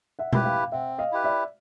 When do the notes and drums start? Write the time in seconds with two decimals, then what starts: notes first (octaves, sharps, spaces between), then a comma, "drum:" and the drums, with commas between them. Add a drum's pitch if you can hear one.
0.19 E5 F#5
0.33 E4 G4 B4, drum: tom B2
0.45 F5 G5
0.72 C4 E5 F#5
0.98 D#5 F5
1.12 E4 G4 B4
1.24 D5 E5